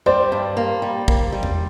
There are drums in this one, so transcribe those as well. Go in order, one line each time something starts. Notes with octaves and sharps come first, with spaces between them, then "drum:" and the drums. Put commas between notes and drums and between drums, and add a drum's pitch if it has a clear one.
G3 C5 D5
G2
A#3
G3
A#3, drum: kick
G3
drum: tom E2